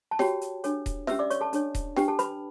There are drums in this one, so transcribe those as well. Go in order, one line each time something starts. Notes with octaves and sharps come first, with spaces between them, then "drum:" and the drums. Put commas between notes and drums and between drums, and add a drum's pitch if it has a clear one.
A5
F#4 G4 C#5 G5, drum: snare
drum: hi-hat
D4 A4 C#5, drum: hi-hat
drum: kick D#1, hi-hat
C#4 G4 B4 E5 E6, drum: snare
D5 D6
C#5 C#6, drum: hi-hat
A4 A5
D4 A4 C#5, drum: hi-hat
drum: kick D#1, hi-hat
D4 G4 B4 G5, drum: snare
A4 A5
B4 B5, drum: hi-hat